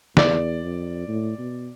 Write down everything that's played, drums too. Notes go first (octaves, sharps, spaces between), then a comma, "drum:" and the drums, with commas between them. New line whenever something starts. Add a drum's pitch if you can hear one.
E2 D5, drum: snare
F2
A2
B2